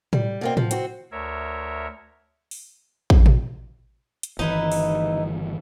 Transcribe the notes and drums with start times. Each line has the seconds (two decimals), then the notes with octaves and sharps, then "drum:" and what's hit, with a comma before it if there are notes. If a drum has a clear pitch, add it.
0.13 G3, drum: tom A2
0.41 B2 A#3 C4
0.57 F3, drum: tom A2
0.71 C4 F#4, drum: hi-hat
1.12 D2 A#4 C#5 E5
2.51 drum: open hi-hat
3.10 drum: kick A1
3.26 drum: tom A#2
4.23 drum: hi-hat
4.39 G1 D#3 E3 D#4 E4 B4
4.72 drum: open hi-hat